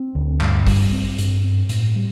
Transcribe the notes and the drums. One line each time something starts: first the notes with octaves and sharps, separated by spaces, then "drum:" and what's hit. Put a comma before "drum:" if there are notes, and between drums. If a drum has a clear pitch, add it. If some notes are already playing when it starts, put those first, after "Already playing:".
Already playing: C4
D2
G2, drum: clap
G3, drum: kick, open hi-hat
C4
G2, drum: hi-hat
C4
A2, drum: hi-hat
G3